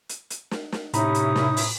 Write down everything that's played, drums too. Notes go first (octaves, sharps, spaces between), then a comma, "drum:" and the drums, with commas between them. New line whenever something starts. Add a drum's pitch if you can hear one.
drum: hi-hat
drum: hi-hat
drum: snare
drum: snare
A2 C3 C#4 D#4 E4 A#5 B5 D#6, drum: hi-hat
drum: hi-hat
drum: snare
drum: open hi-hat